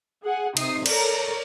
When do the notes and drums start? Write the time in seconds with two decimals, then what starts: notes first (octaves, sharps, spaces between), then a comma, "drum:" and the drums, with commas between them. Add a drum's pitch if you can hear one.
0.24 G#4 F#5 G#5
0.57 C3 D#4 D#6 C7, drum: cymbal
0.86 A4 A#4 C#5 D5 A#5, drum: cymbal